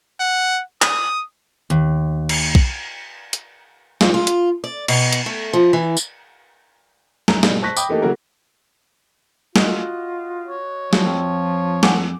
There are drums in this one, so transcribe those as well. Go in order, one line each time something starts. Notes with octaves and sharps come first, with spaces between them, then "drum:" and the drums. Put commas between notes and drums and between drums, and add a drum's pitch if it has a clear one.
F#5
D#6, drum: clap
D#2
drum: cymbal
drum: kick
drum: hi-hat
F2, drum: snare
F4
drum: hi-hat
D5
B2, drum: cymbal
drum: hi-hat
A3
F3
E3
drum: tambourine
B1 F#2 A#5, drum: snare
G#2 B2 G3 G#3, drum: snare
C5 A5 C#6 F#6 A#6 B6
G5 B5 D6 D#6, drum: tambourine
E3 A3 A#3 D#4 G4 A4
C#3 F#3 A#3 E4 F#4 A#4
F4 F#4 D#5, drum: snare
C#5
F3 F#3, drum: snare
F2
F#5 G#5 D6, drum: snare